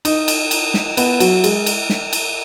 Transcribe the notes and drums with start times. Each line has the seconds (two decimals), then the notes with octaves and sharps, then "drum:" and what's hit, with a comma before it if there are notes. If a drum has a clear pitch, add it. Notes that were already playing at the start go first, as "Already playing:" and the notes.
0.05 D#4, drum: cymbal
0.28 drum: cymbal
0.51 drum: cymbal
0.74 drum: snare
0.97 B3, drum: cymbal
1.20 F#3, drum: cymbal
1.44 G#3, drum: cymbal
1.66 drum: cymbal
1.90 drum: snare
2.13 drum: cymbal